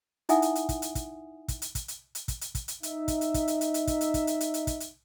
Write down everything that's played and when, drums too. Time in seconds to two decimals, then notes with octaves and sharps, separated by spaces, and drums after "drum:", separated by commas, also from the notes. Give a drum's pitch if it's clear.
0.29 D#4 E4 E5 F#5 G#5 D#6, drum: hi-hat
0.42 drum: hi-hat
0.55 drum: hi-hat
0.69 drum: kick, hi-hat
0.82 drum: hi-hat
0.95 drum: kick, hi-hat
1.48 drum: kick, hi-hat
1.62 drum: hi-hat
1.75 drum: kick, hi-hat
1.88 drum: hi-hat
2.15 drum: hi-hat
2.28 drum: kick, hi-hat
2.41 drum: hi-hat
2.55 drum: kick, hi-hat
2.68 drum: hi-hat
2.83 D#4 E5, drum: hi-hat
3.08 drum: kick, hi-hat
3.21 drum: hi-hat
3.34 drum: kick, hi-hat
3.48 drum: hi-hat
3.61 drum: hi-hat
3.74 drum: hi-hat
3.87 drum: kick, hi-hat
4.01 drum: hi-hat
4.14 drum: kick, hi-hat
4.27 drum: hi-hat
4.41 drum: hi-hat
4.54 drum: hi-hat
4.67 drum: kick, hi-hat
4.80 drum: hi-hat